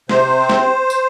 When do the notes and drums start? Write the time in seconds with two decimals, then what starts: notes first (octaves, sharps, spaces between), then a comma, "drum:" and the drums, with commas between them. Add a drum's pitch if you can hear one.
0.09 C3 C5, drum: snare
0.39 C4
0.49 drum: snare
0.90 drum: tambourine